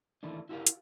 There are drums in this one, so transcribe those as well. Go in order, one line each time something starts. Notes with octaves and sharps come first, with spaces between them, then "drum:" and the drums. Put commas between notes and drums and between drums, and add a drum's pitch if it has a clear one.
D#3 E3 A3 A#3 D4
E4 F#4 G4 A#4 F5
drum: hi-hat